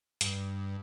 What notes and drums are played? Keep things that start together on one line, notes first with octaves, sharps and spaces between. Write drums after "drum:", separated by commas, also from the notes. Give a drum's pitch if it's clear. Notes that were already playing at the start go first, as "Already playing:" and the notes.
G2, drum: hi-hat